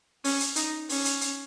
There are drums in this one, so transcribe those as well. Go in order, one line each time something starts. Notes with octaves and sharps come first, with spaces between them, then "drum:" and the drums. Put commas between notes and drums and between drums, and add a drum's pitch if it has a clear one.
C#4, drum: open hi-hat
drum: hi-hat
D#4, drum: hi-hat
C#4, drum: open hi-hat
drum: hi-hat
drum: hi-hat